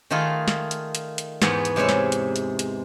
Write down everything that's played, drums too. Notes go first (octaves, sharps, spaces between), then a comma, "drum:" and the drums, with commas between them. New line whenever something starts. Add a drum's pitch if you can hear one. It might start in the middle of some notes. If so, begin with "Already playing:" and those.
D#3 A3 D#4 F4 G#4
drum: snare
drum: hi-hat
drum: hi-hat
drum: hi-hat
E2 G#2 B3 G#4, drum: snare
drum: hi-hat
C3 G#3 B4 C#5 E5
drum: snare
drum: hi-hat
drum: hi-hat
drum: hi-hat